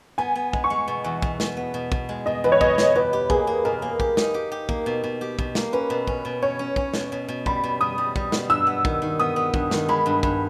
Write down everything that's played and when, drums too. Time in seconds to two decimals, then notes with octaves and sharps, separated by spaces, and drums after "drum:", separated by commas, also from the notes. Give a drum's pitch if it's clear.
0.18 B3 G#5
0.35 B3
0.53 G#3, drum: kick
0.64 C#6
0.70 G#3
0.88 B2
1.04 E2
1.22 B2, drum: kick
1.40 B2, drum: snare
1.57 B3
1.74 B2
1.92 B2, drum: kick
2.09 G#3
2.26 B2 D#5
2.44 E2 B4
2.52 C#5
2.61 B2 D#5, drum: kick
2.78 B2, drum: snare
2.95 G4 B4
3.13 G4
3.30 A#3 G#4, drum: kick
3.47 A#3
3.65 B2 A#4
3.82 A#3
4.00 G4, drum: kick
4.17 D#4, drum: snare
4.34 G4
4.52 G4
4.69 A#3, drum: kick
4.86 B2
5.04 B2
5.21 G4
5.39 B2, drum: kick
5.55 A#3, drum: snare
5.73 C#4 B4
5.90 B2
6.07 C#4, drum: kick
6.25 B2
6.42 C#4 C#5
6.59 C#4
6.76 C#4, drum: kick
6.94 B2, drum: snare
7.12 B2
7.28 B2
7.46 G3 B5, drum: kick
7.64 B2
7.81 B2 D#6
7.98 G3
8.16 G3, drum: kick
8.32 B2, drum: snare
8.50 G2 E6
8.67 B3
8.85 D#3, drum: kick
9.02 D#3
9.19 B3 D#6
9.36 B3
9.54 G2, drum: kick
9.71 D#3, drum: snare
9.89 G#3 B5
10.06 G2
10.23 G2, drum: kick